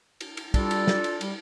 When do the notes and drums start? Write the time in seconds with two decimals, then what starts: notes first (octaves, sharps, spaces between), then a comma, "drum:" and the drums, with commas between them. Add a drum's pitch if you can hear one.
0.21 drum: cymbal
0.37 drum: cymbal
0.54 G3 D4 F4 A4, drum: kick, cymbal
0.71 drum: cymbal
0.87 drum: snare
1.04 drum: cymbal
1.21 G3, drum: cymbal